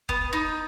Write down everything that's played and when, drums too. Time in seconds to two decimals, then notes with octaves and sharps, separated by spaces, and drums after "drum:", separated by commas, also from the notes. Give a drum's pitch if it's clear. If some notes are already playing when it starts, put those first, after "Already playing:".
0.09 B3, drum: kick
0.33 D#4